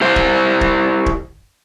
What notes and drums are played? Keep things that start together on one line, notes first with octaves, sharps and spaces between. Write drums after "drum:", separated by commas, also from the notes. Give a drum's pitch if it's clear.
E4 G4 C5
drum: kick
drum: kick
drum: kick